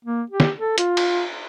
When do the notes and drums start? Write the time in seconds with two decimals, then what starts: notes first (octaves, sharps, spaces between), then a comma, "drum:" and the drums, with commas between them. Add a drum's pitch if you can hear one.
0.05 A#3
0.30 G4
0.40 drum: snare
0.59 A4
0.78 F4, drum: hi-hat
0.97 drum: cymbal